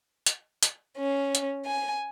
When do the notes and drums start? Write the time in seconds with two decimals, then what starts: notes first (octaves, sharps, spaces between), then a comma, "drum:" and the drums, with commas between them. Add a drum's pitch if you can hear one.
0.26 drum: hi-hat
0.63 drum: hi-hat
0.99 C#4
1.35 drum: hi-hat
1.66 G#5